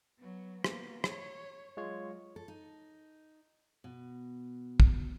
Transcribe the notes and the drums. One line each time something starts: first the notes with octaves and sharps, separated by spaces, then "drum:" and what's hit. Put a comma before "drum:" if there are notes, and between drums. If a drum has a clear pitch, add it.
F#3 B3
A#3 B3, drum: rim click
C#5, drum: rim click
F#3 G#3 F4 C#5
A4
D#4
B2
drum: kick